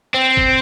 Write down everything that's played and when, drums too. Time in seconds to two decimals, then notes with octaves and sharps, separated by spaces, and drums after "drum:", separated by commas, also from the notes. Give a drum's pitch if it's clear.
0.14 C4
0.37 drum: kick G#1